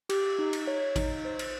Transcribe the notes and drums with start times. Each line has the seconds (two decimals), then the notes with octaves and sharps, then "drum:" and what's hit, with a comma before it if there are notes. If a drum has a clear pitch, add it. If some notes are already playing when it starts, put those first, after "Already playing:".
0.09 G4, drum: cymbal
0.39 D#4
0.53 drum: cymbal
0.67 C#5
0.96 D#4, drum: kick A1, cymbal
1.25 C5
1.39 drum: cymbal